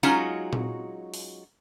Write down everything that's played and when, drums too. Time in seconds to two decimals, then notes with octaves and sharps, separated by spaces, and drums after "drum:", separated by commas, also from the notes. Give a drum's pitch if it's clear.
0.03 F#3 G#3 C#4 D#4 F4 F#4, drum: tambourine
0.53 drum: tom A#2
1.14 drum: open hi-hat